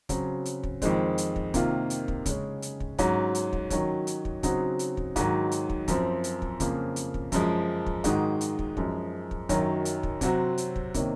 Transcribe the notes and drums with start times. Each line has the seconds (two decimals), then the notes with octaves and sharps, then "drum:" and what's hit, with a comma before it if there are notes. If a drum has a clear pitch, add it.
0.09 C#3 F#3 C4, drum: kick, hi-hat
0.45 drum: hi-hat
0.64 drum: kick
0.82 F2 D#3 G#3 C4, drum: kick, hi-hat
1.18 drum: hi-hat
1.36 drum: kick
1.54 C3 D#3 A#3 F4, drum: kick, hi-hat
1.90 drum: hi-hat
2.08 drum: kick
2.26 C#3 G#3 C#4, drum: kick, hi-hat
2.62 drum: hi-hat
2.80 drum: kick
2.98 G#2 F#3 C#4, drum: kick, hi-hat
3.35 drum: hi-hat
3.53 drum: kick
3.70 D#3 F#3 C#4, drum: kick, hi-hat
4.07 drum: hi-hat
4.25 drum: kick
4.43 C#3 F#3 C4 D#4 F#4, drum: kick, hi-hat
4.79 drum: hi-hat
4.97 drum: kick
5.16 G#2 D#3 F#3, drum: kick, hi-hat
5.52 drum: hi-hat
5.70 drum: kick
5.88 F#2 F3 C4, drum: kick, hi-hat
6.24 drum: hi-hat
6.42 drum: kick
6.60 F2 C#3 F3 A#3 F4, drum: kick, hi-hat
6.96 drum: hi-hat
7.14 drum: kick
7.32 F#2 F3 G#3, drum: kick, hi-hat
7.86 drum: kick
8.04 G#2 D#3 G#3 D#4 F#4, drum: kick, hi-hat
8.41 drum: hi-hat
8.59 drum: kick
8.77 F#2 F3 G#3, drum: kick
9.31 drum: kick
9.49 F#2 D#3 F#3 C#4, drum: kick, hi-hat
9.85 drum: hi-hat
10.03 drum: kick
10.21 C3 F#3 C4 F#4, drum: kick, hi-hat
10.58 drum: hi-hat
10.76 drum: kick
10.94 C3 D#3 A#3 C#4, drum: kick, hi-hat